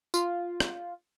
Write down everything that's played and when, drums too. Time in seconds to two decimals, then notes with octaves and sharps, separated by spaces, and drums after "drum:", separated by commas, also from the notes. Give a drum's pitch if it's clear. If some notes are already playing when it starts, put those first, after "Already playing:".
0.14 F4, drum: tambourine
0.60 drum: rim click